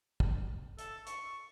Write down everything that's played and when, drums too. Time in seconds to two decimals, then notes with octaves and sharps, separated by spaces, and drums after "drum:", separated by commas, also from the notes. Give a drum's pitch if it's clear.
0.20 drum: kick
0.79 A4, drum: hi-hat
1.07 C#6, drum: hi-hat